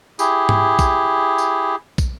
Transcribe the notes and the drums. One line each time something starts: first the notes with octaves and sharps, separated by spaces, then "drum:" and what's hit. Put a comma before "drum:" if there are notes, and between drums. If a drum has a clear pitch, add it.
E4 G4 G#4, drum: tambourine
drum: tom G#2
drum: kick, tambourine
drum: tambourine
drum: kick, tambourine